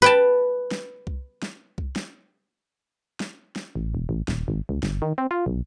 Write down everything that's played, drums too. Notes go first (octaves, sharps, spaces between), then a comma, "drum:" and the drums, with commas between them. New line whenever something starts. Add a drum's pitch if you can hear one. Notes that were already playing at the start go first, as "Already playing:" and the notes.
B4 G5 A5
drum: snare
drum: kick C2
drum: snare
drum: kick C2
drum: snare
drum: snare
drum: snare
A1
E1
A1
D#1, drum: snare
G#1
C#2
G1, drum: snare
D#3
C4
F4
B1